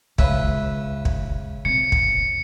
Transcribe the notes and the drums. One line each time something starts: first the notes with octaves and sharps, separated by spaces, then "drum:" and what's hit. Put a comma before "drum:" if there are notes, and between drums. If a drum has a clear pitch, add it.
C#2 C#3 B4 E5, drum: kick
drum: kick
C3 C#7
drum: kick